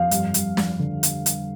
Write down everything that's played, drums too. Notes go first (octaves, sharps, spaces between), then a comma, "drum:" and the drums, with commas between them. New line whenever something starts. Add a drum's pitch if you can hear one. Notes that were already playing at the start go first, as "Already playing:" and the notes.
Already playing: F2 F5
G2, drum: hi-hat
G2, drum: hi-hat
F3, drum: snare
D3
drum: hi-hat
drum: hi-hat